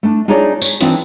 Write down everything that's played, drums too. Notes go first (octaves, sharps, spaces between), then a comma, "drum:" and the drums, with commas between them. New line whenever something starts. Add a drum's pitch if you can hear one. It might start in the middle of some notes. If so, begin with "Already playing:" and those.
A3 D4
D4 D#4 F4 G#4 C#5 D5
C#5, drum: tambourine
E3 C4 D4 D#4 F4 B4, drum: hi-hat